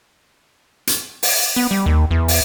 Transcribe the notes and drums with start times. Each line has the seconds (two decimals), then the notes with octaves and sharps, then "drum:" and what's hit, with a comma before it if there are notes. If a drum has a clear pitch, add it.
0.87 drum: hi-hat
1.23 drum: open hi-hat
1.56 B3
1.71 G3
1.86 D#2
2.11 E2
2.28 drum: open hi-hat